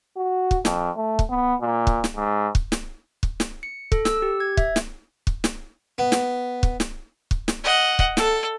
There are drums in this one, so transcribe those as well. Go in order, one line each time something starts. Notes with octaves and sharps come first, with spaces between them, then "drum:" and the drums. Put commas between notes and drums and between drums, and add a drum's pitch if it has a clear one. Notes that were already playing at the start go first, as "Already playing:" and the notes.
F#4
drum: kick
F2, drum: snare
A3
drum: kick
B3
A#2
drum: kick
drum: snare
G#2
drum: kick
drum: snare
drum: kick
drum: snare
C#7
A4, drum: kick
E6, drum: snare
G4
G#6
E5, drum: kick
drum: snare
drum: kick
drum: snare
B3
drum: snare
drum: kick
drum: snare
drum: kick
drum: snare
D#5 F#5
drum: kick
A4, drum: snare